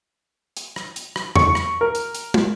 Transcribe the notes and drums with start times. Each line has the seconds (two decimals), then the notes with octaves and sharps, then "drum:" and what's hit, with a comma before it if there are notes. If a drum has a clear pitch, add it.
0.57 drum: hi-hat
0.76 drum: rim click
0.96 drum: hi-hat
1.16 drum: rim click
1.36 C#6, drum: tom E2
1.55 drum: rim click
1.81 A#4
1.95 drum: hi-hat
2.15 drum: hi-hat
2.34 drum: tom